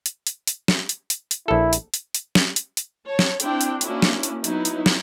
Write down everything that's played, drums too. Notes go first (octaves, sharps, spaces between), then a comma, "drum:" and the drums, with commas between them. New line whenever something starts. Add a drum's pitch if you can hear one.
drum: hi-hat
drum: hi-hat
drum: hi-hat
drum: snare
drum: hi-hat
drum: hi-hat
drum: hi-hat
A#1 E4 A4
drum: hi-hat
drum: hi-hat
drum: hi-hat
drum: snare
drum: hi-hat
drum: hi-hat
C#5 A5
drum: snare
C4 D4 E4 G5, drum: hi-hat
drum: hi-hat
A#3 C#4 D4 E4 F#4, drum: hi-hat
drum: snare
drum: hi-hat
F#3 B3 D#4 E4, drum: hi-hat
drum: hi-hat
drum: snare